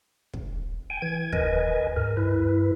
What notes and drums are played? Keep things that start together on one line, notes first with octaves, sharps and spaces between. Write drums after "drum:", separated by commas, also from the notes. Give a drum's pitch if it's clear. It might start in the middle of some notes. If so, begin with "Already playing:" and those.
drum: kick
G5 G#5
E3 G#6
D#2 A#4 B4 D#5 G#5, drum: kick
D2 G#2 A#4
G2 E4 B4